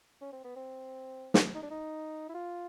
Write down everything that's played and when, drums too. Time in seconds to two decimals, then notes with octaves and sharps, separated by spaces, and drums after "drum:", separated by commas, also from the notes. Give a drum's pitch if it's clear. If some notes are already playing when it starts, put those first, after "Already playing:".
0.21 C#4
0.32 C4
0.44 B3
0.56 C4
1.34 drum: snare
1.55 D#4
1.63 D4
1.71 D#4
2.29 E4
2.35 F4